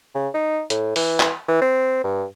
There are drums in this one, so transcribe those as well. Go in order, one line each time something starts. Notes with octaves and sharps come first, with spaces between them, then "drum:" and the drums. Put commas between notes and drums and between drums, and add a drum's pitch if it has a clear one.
C#3
D#4
A2, drum: hi-hat
E3, drum: open hi-hat
drum: clap
E3
C4
G2